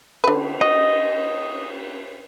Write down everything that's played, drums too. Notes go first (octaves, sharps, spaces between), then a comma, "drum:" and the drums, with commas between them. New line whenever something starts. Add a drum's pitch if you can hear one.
D3 B4, drum: cymbal
F#4 D#5